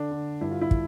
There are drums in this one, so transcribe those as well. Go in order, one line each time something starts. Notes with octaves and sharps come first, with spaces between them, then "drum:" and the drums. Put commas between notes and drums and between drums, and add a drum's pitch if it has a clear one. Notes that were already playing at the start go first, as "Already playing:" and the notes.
Already playing: D3 D4
D3
G2 E4
F4
E4
drum: kick